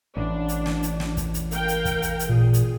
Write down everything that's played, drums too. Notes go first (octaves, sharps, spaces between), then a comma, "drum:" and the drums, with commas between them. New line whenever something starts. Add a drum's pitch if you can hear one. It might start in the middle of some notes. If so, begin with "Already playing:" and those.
A1 D4
drum: hi-hat
drum: snare
drum: hi-hat
drum: snare
drum: kick, hi-hat
drum: hi-hat
A#4 F5 G5, drum: hi-hat
drum: hi-hat
drum: kick, hi-hat
drum: hi-hat
drum: hi-hat
A#2 G#4
drum: hi-hat